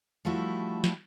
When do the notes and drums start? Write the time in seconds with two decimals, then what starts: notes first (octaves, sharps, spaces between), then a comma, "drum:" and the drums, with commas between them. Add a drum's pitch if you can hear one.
0.25 F3 G3 A3 D4 E4 F#4
0.84 drum: snare